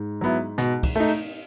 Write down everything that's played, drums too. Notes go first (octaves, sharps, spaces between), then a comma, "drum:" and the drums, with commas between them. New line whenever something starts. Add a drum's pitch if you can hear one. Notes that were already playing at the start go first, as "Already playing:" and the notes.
Already playing: G#2
F#3 B3 E4
B2, drum: snare
drum: kick, cymbal
A3 D#4
drum: cymbal